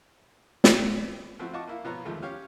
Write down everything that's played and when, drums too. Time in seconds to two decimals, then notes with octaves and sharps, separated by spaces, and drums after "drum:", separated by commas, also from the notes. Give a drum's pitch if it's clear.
0.64 drum: snare
1.39 F3 A3 C4 E4 F#4
1.53 F4 D#5 F#5 A5 C#6 D6
1.67 A#3 E4 F4
1.85 B2 F3 B3 B4 C#5 A#5
2.05 D#2 F3 G#3 A3
2.22 C#4 G4 C#5 F5